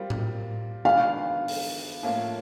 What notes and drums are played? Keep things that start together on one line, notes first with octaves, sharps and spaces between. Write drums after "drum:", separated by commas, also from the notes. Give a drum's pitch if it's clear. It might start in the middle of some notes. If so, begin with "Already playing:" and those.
Already playing: G3 C4 F4 A#4
drum: tom A2
D#3 G#3 B3 D4 F5
drum: open hi-hat
A2 F3 A#3 C#4 F4